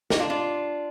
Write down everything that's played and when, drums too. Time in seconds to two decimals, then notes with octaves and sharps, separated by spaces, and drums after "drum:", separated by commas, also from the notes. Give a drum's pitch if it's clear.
0.10 D#4 G4, drum: snare
0.19 D4 F4
0.30 D4 F4